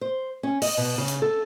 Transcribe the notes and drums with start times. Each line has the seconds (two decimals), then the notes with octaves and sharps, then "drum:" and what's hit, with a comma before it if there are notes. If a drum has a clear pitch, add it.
0.01 C5
0.43 C#4
0.62 D#5, drum: open hi-hat
0.77 B2
0.98 C#3
1.08 drum: hi-hat
1.22 A4